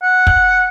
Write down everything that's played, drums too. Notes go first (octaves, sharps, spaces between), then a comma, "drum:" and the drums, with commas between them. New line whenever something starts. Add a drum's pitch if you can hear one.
F#5
drum: kick